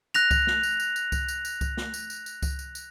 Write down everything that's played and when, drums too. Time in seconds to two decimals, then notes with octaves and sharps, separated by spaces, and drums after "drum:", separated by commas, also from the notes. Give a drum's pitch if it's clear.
0.14 F#6 A#6 F7, drum: tambourine
0.31 drum: kick C#2, tambourine
0.47 drum: snare
0.63 drum: tambourine
0.80 drum: tambourine
0.96 drum: tambourine
1.12 drum: kick C#2, tambourine
1.28 drum: tambourine
1.45 drum: tambourine
1.61 drum: kick C#2, tambourine
1.77 drum: snare
1.94 drum: tambourine
2.10 drum: tambourine
2.26 drum: tambourine
2.43 drum: kick C#2, tambourine
2.59 drum: tambourine
2.75 drum: tambourine